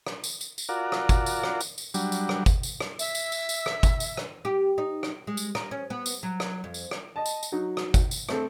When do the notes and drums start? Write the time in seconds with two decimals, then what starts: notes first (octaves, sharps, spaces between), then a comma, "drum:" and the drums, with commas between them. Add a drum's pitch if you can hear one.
0.07 drum: rim click
0.24 drum: tambourine
0.41 drum: tambourine
0.58 drum: tambourine
0.69 F4 F#4 A#4 D5
0.92 drum: rim click
1.09 drum: kick G1, tambourine
1.26 drum: tambourine
1.43 drum: rim click
1.61 drum: tambourine
1.78 drum: tambourine
1.94 F#3 G3 D4, drum: tambourine
2.12 drum: tambourine
2.29 drum: rim click
2.46 drum: kick G1, tambourine
2.63 drum: tambourine
2.80 drum: rim click
2.99 E5, drum: tambourine
3.15 drum: tambourine
3.32 drum: tambourine
3.49 drum: tambourine
3.66 drum: rim click
3.83 drum: kick G1, tambourine
4.00 drum: tambourine
4.17 drum: rim click
4.45 G4
4.78 D#4
5.03 drum: rim click
5.27 G#3
5.37 drum: tambourine
5.55 A#4, drum: rim click
5.71 C#4
5.90 B3
6.06 drum: tambourine
6.23 F#3
6.40 drum: rim click
6.64 F2
6.74 drum: tambourine
6.91 drum: rim click
7.16 D#5 A5
7.26 drum: tambourine
7.43 drum: tambourine
7.52 F#3 D#4
7.77 drum: rim click
7.94 drum: kick G1, tambourine
8.11 drum: tambourine
8.29 A3 C4 A4, drum: rim click